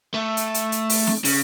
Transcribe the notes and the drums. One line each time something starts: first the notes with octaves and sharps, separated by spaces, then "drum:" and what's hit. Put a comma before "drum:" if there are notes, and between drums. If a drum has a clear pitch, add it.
A3
drum: hi-hat
drum: hi-hat
drum: hi-hat
drum: open hi-hat
drum: snare C4
C#3, drum: open hi-hat